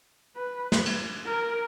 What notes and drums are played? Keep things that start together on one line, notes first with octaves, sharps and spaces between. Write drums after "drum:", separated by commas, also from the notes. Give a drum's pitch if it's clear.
B4
drum: snare
drum: cymbal
A#4